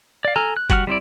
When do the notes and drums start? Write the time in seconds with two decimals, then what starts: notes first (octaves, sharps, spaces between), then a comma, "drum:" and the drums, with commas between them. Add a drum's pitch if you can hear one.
0.25 D5 F5
0.36 A4 G#5 A#5 F6, drum: rim click
0.57 F#6
0.70 G3 F#4 F#5 A5 F6, drum: kick F#1, hi-hat
0.87 G3 C4 E4 D5